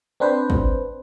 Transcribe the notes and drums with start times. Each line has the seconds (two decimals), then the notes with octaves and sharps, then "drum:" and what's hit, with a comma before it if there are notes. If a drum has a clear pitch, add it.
0.20 C4 D4 B4 C5
0.50 drum: kick